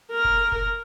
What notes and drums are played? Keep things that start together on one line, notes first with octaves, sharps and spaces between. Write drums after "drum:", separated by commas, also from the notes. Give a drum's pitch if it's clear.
A#4
drum: kick
drum: kick